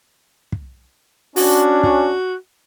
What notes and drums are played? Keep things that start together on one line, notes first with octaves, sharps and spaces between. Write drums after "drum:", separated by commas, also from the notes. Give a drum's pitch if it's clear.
drum: kick
C#4 D4 F#4, drum: open hi-hat
F#4, drum: kick